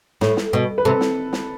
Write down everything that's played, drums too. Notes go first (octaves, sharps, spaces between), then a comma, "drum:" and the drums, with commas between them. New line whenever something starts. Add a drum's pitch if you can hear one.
A2, drum: snare
drum: snare
B2
B4
C3 A4
drum: snare
drum: snare